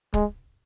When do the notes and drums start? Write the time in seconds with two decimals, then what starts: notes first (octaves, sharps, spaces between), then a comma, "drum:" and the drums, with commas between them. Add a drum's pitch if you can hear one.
0.14 G#3, drum: kick